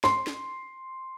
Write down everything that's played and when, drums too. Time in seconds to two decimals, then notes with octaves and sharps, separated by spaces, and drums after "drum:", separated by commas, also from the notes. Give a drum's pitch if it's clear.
0.04 C6, drum: snare
0.27 drum: snare